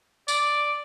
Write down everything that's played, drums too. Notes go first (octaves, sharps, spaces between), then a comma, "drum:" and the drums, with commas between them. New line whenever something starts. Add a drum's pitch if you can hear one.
D5, drum: tambourine